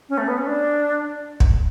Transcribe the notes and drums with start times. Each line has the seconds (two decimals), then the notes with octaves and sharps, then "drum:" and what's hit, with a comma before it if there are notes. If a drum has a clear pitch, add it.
0.09 C#4
0.18 A3
0.28 B3
0.37 C#4
0.47 D4
1.40 drum: kick